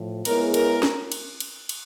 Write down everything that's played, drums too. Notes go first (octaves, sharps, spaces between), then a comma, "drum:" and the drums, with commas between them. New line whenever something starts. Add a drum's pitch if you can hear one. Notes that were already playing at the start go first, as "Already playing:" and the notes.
Already playing: A2 F3
G#3 B3 E4 G#4 A#4 C#5, drum: cymbal
A#4, drum: cymbal
drum: snare
drum: cymbal
drum: cymbal
drum: cymbal